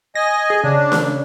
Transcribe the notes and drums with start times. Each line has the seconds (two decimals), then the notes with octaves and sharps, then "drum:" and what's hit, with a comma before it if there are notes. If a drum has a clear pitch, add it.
0.15 D#5 G#5 A#6
0.50 G#4
0.64 C#3 D4
0.92 drum: snare D4